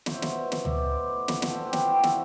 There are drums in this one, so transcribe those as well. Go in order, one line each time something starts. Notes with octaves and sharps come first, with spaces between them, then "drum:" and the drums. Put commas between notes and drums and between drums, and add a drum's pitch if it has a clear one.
F#3 C5 E5, drum: snare
B2, drum: snare
B2
B2 E5, drum: snare
B2 D5, drum: tom D2
B2 C5
B4 D5
A2
F#3
F#3, drum: snare
B4
A2 A4 C5, drum: snare
F#3 A4
G4 B4
F#3, drum: snare
F#3 C4 E4
C3, drum: snare